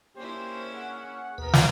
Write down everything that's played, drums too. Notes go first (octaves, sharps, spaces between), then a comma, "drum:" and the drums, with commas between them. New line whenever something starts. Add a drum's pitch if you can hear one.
A#3 C#4 D4 E4 G4 C5
G#4 F#5
D#2 B2 B3 A#4 B4
drum: snare